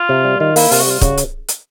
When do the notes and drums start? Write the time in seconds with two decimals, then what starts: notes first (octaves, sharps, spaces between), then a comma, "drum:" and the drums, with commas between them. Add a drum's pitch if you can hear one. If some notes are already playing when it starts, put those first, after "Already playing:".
Already playing: F4
0.09 C3
0.25 G3
0.40 D#3 F4
0.56 A#3 E4, drum: open hi-hat
0.71 C3 F4, drum: open hi-hat
0.81 F#4
0.86 G3 F4
1.01 C#3 F#4, drum: kick, hi-hat
1.18 drum: hi-hat
1.49 drum: hi-hat